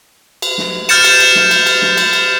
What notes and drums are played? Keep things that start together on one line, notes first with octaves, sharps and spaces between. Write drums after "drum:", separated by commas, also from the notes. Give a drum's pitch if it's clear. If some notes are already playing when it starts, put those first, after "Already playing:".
drum: cymbal
drum: snare
F6 G6 A6 C#7 E7, drum: cymbal
drum: cymbal
drum: cymbal
drum: snare
drum: cymbal
drum: cymbal
drum: snare
drum: cymbal
drum: cymbal